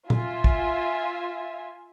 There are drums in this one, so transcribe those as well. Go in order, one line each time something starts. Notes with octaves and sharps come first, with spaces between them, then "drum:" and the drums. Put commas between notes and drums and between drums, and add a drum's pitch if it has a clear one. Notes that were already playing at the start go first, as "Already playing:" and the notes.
F4 E5 G#5, drum: tom A#2
drum: kick